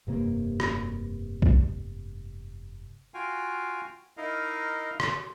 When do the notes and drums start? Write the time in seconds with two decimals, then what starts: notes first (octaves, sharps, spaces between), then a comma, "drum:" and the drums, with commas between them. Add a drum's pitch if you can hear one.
0.07 F1 G2 C3 A#3
0.60 drum: rim click
1.42 drum: kick B1
3.14 F4 F#4 F5 G5 G#5
4.17 D#4 E4 A#4 D#5 F5
5.00 drum: rim click